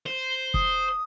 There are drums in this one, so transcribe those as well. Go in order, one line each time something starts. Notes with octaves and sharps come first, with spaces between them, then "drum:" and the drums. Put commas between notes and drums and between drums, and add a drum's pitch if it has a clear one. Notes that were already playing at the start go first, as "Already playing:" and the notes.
C5
D#6, drum: kick